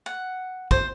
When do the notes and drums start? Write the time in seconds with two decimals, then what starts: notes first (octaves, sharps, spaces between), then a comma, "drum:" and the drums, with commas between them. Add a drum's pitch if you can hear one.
0.06 F#5
0.71 C5, drum: kick